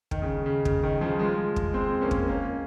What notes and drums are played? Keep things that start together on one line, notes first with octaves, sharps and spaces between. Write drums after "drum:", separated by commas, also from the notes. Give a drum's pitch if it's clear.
D#3, drum: kick
C#3
C#3
C#3, drum: kick
D#3
C#3 F3
F3 G#3
drum: kick
G#3 C4
A#3 C#4
drum: kick
A#3 C#4